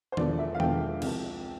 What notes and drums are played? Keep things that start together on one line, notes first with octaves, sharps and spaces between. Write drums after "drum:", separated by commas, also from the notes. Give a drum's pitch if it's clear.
C5
E1 E2 D3 F3 D5, drum: tom D#3
E5
F5
E1 E2 D3 F3 G5, drum: tom D#3
C2 C3 F3, drum: cymbal